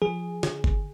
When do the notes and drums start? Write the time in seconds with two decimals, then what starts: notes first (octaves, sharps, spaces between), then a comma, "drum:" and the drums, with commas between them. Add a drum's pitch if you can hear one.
0.02 F3 G#4
0.43 D3, drum: snare
0.64 drum: kick G1